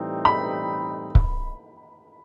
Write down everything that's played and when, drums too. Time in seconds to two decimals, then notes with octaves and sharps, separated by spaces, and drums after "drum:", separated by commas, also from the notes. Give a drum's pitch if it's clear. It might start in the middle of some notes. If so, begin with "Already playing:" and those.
Already playing: A2 E3 G3 C4 D#4
0.25 B5
1.15 drum: kick C#1